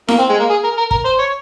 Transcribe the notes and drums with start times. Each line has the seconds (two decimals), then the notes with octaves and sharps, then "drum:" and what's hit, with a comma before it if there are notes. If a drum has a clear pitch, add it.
0.08 A#3, drum: snare E4
0.19 C4
0.30 G#3
0.40 A#3
0.50 G#4
0.64 A#4
0.78 A#4
0.91 A#4, drum: kick
1.05 C5
1.19 C#5